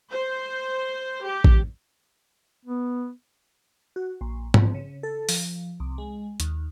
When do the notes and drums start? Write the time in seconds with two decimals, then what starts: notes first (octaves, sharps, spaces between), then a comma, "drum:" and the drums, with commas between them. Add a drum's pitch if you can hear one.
0.11 C5
1.24 G4
1.44 drum: kick
2.66 B3
3.96 F#4
4.21 A#1
4.54 C4, drum: tom G#2
4.74 C#3
5.03 A4
5.29 F3, drum: open hi-hat
5.80 C2
5.98 G#3
6.40 D#2, drum: hi-hat